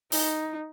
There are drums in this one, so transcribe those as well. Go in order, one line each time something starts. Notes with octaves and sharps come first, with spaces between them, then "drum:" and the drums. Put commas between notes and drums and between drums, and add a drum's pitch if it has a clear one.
D#4, drum: open hi-hat